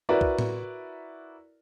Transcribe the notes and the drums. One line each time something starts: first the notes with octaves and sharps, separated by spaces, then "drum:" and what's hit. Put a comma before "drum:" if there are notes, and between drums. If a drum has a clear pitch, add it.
E4 F#4 A#4 B4 D5 A#5
drum: kick C2
drum: tom A2